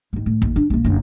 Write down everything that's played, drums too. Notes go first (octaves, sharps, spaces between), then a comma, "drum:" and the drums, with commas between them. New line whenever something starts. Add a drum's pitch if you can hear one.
G#2 D#3
A2
D#2, drum: kick
D4
B1 A#3
F#1 D3